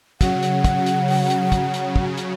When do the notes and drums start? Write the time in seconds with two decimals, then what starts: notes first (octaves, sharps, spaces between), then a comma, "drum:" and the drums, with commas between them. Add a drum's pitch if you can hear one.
0.21 C#3 F#3 F#5, drum: kick, hi-hat
0.43 drum: hi-hat
0.64 drum: kick, hi-hat
0.86 drum: hi-hat
1.08 drum: open hi-hat
1.30 drum: hi-hat
1.52 drum: kick, hi-hat
1.74 drum: hi-hat
1.96 drum: kick
2.17 drum: hi-hat